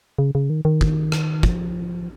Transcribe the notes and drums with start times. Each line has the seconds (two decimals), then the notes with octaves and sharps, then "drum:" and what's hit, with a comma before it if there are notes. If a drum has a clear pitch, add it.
0.19 C#3
0.35 C#3
0.50 D#3
0.65 D#3
0.81 drum: kick
1.12 drum: rim click
1.43 F3, drum: kick